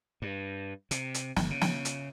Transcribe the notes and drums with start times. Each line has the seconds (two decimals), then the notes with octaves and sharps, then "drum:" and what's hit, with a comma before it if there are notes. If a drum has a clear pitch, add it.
0.22 G2
0.91 C3, drum: hi-hat
1.14 drum: hi-hat
1.36 G1, drum: snare
1.50 C#3
1.61 drum: snare
1.85 drum: hi-hat